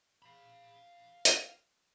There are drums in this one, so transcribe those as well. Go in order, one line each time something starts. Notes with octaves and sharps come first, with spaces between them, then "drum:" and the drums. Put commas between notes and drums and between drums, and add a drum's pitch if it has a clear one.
F5 B5
drum: hi-hat